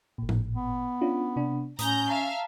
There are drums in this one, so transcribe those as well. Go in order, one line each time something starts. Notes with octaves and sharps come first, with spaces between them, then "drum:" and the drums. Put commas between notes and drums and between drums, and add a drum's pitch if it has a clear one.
G#1 A#2
drum: tom A2
B3
C#4 D4 F4
C3 D4
A2 C#4 A#5 D#6 G6, drum: hi-hat
E5 F5 A5 A#5